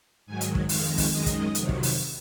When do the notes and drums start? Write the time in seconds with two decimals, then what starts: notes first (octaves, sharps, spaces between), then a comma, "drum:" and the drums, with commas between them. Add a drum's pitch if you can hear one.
0.27 G#2 D#3 F#3 G#5
0.41 drum: hi-hat
0.55 drum: kick
0.69 F2 D#3 G#3 F5, drum: open hi-hat
0.98 drum: kick, open hi-hat
1.12 F#2 D#3 G#3 D#5
1.26 drum: kick, hi-hat
1.55 F2 C3 D#3 F#3, drum: hi-hat
1.69 drum: kick
1.83 drum: open hi-hat